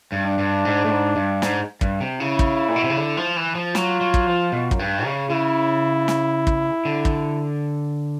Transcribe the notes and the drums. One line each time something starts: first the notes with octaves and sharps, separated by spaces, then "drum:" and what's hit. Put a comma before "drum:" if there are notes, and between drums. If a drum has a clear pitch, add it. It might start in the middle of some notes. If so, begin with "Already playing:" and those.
G2
D4
G2
G#2
A2
G#2
G2
G#2, drum: snare
G2, drum: kick
C3
C#3 E4
drum: kick
A#2
B2
C3
C#3
D3
F3
E3
F3
F#3 F4, drum: snare
F#3
drum: kick
F3
B2
F#2, drum: kick
G2
C#3
C#3 E4
drum: snare
drum: kick
D3
drum: kick